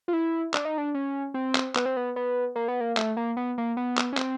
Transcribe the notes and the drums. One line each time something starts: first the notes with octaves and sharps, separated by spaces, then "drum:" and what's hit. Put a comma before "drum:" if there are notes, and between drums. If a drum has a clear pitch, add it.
F4
E4
D4, drum: clap
D#4
D4
C#4
C4
drum: clap
B3, drum: clap
C4
B3
B3
A#3
B3
A#3
A3, drum: clap
A#3
B3
A#3
B3
drum: clap
C#4
C4, drum: clap